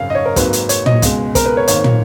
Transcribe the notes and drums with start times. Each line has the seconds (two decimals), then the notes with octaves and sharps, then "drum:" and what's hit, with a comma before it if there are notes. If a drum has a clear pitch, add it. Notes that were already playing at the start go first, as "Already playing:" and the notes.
Already playing: G#1 F#2 C#3 F5
0.10 D#5
0.15 C#5
0.26 A#4
0.36 G#1 G#2 F#3 A#3 B4, drum: kick, hi-hat
0.53 drum: hi-hat
0.69 C#5, drum: hi-hat
0.86 D#5, drum: tom
1.02 C#2 B2 G#3, drum: kick, hi-hat
1.35 A#4, drum: kick, hi-hat
1.46 B4
1.57 C#5
1.68 G#1 G#2 D#3 A#3 C#5, drum: hi-hat
1.84 drum: tom